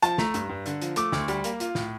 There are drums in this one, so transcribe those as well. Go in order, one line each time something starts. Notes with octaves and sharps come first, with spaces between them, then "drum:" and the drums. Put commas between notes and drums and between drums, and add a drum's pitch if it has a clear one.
F3 A5, drum: hi-hat
A3 A#5, drum: snare
G2, drum: hi-hat
G2
D3, drum: hi-hat
F3, drum: hi-hat
A3 D6, drum: hi-hat
D2, drum: snare
G3, drum: hi-hat
A#3, drum: hi-hat
F4, drum: hi-hat
A2, drum: snare